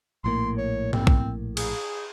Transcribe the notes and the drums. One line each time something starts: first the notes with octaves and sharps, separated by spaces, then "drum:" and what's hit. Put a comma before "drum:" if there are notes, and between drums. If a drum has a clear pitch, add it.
A#1 A2 A#3 C6
C#5
C4, drum: tom G#2
drum: kick B1
G#4, drum: cymbal